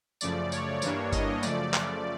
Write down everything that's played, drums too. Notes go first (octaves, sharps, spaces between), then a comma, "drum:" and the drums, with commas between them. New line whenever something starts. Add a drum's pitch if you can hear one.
F#2 C#3 F3 A3 D5, drum: tambourine
C#5, drum: tambourine
G2 E3 G3 A#3 D4 C#5, drum: tambourine
D#5, drum: kick G1, tambourine
F#2 C#3 F3 A3 D5, drum: tambourine
drum: clap